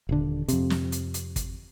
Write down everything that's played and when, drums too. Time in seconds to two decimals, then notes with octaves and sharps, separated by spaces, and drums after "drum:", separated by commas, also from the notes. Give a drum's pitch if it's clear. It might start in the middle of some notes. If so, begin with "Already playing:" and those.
0.09 D#1 D3
0.48 F2 C3, drum: hi-hat
0.70 drum: snare
0.92 drum: hi-hat
1.14 drum: hi-hat
1.36 drum: kick, hi-hat